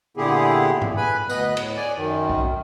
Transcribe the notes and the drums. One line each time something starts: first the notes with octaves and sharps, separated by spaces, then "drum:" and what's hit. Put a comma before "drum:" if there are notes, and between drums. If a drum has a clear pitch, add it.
A#2 D3 B3 E4 G4 G#4
drum: tom G2
B4 G#5 B5
D2 B3 B4 D#5 F#6, drum: tambourine
A2, drum: cymbal
D5 G#5
F#2 D#3
drum: kick